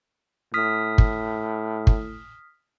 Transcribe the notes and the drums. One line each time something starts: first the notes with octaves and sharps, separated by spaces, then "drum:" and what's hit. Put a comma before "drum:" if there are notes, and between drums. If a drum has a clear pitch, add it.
A2 D#6 F6 B6
drum: kick
drum: kick